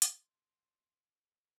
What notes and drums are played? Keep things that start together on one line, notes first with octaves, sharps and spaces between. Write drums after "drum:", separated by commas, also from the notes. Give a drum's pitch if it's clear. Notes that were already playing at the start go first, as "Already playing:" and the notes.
C6, drum: hi-hat